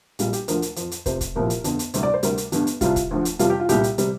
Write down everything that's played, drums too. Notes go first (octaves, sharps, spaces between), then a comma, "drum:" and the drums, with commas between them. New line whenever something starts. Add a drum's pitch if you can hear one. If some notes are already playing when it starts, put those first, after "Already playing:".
A#1 A#2 G3 F4, drum: hi-hat
G4, drum: hi-hat
D2 D3 F3 A#4, drum: hi-hat
drum: hi-hat
F2 F3, drum: hi-hat
drum: hi-hat
F1 F2 C3 F3 C5, drum: kick, hi-hat
drum: kick, hi-hat
C2 A#2 F3 A#4
drum: hi-hat
G1 F2 D3, drum: hi-hat
drum: hi-hat
D2 C3 G3, drum: hi-hat
D5
C5
D2 C3 G3 A#4, drum: hi-hat
drum: hi-hat
G1 G2 D3, drum: hi-hat
drum: hi-hat
C2 C3 G3 F4, drum: kick, hi-hat
drum: kick, hi-hat
D2 D3 F3
drum: hi-hat
F2 C3 G3 F4, drum: hi-hat
G4
F4
C2 A#2 G3 G4, drum: hi-hat
drum: hi-hat
C3 G3, drum: hi-hat